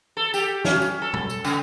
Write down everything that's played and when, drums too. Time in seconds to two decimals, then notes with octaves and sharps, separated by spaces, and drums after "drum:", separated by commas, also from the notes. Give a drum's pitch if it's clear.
0.17 A4
0.34 G4, drum: tambourine
0.65 C#4, drum: snare
0.82 drum: tambourine
1.02 A4
1.14 drum: tom
1.30 drum: tambourine
1.44 C#3, drum: tambourine